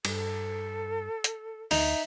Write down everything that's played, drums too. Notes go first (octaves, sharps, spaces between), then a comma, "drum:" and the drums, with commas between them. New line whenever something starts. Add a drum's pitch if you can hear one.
G2 A4, drum: cymbal
drum: hi-hat
D2 D#4 E5, drum: open hi-hat